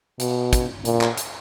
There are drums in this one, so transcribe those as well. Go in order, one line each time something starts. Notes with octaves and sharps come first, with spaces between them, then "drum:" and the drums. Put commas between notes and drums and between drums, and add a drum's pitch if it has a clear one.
B2, drum: hi-hat
drum: kick, hi-hat
A#2, drum: hi-hat
drum: clap
drum: hi-hat